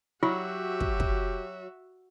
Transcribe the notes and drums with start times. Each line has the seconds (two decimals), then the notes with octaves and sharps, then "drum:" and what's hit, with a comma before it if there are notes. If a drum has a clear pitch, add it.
0.23 F#3 E4 F#4 G4 E5
0.80 drum: kick
1.00 drum: kick